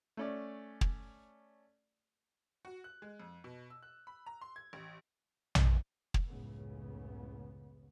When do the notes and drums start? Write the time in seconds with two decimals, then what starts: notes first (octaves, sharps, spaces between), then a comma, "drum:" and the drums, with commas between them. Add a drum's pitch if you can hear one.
0.17 A3 C#4 D5
0.81 drum: kick
2.65 F#4
2.84 F#6
3.02 G#3
3.20 F2
3.44 B2
3.70 E6
3.83 F#6
4.07 B5
4.26 A#5
4.41 C6
4.56 G#6
4.73 A1
5.55 drum: tom A#1
6.14 drum: kick
6.27 F#1 C#2 A2 C#3 B3